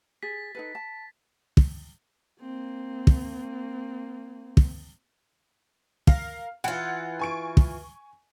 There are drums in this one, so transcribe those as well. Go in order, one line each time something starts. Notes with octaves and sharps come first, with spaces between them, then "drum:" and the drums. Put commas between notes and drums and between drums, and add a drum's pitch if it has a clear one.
G#4 A6 B6
D#4 A4 B4
A5
drum: kick
A#3 C4
drum: kick
drum: kick
A#4 F5, drum: kick
E3 F4 F#5
G#5 C#6 D7
drum: kick